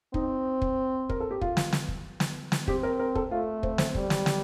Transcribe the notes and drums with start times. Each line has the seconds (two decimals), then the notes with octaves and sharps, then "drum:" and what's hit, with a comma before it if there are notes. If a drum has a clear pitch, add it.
0.14 C4 D#4, drum: kick
0.62 drum: kick
1.09 A#4, drum: kick
1.20 A4
1.31 G4
1.41 F4, drum: kick
1.57 drum: snare
1.73 drum: snare
1.88 drum: kick
2.20 drum: snare
2.52 drum: snare
2.67 C4 G4, drum: kick
2.83 A#4
2.99 A#4
3.15 A4, drum: kick
3.31 A3 F4
3.63 C4, drum: kick
3.78 C4, drum: snare
3.95 G3, drum: kick
4.10 drum: snare
4.26 drum: snare